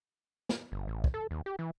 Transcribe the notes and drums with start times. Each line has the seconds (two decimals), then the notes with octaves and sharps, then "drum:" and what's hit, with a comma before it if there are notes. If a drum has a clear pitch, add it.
0.49 drum: snare
0.72 G1
0.88 A1
1.04 drum: kick
1.14 A4
1.31 D#2
1.46 G4
1.59 E3